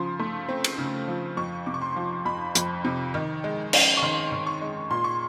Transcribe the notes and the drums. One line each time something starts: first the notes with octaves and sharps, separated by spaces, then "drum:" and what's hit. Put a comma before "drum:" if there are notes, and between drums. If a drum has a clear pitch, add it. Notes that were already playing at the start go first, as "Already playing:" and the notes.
Already playing: C#3 F3 C6
A3
C4
drum: cymbal
C#3
F3
F2 C#6
C3 D6
C#6
C6
F3
F2 B5
F2, drum: hi-hat
C3
D#3
G#3
C#4, drum: cymbal
C#6
D#3 C6
D#3
C#6
G#3
A#2 C6
C#6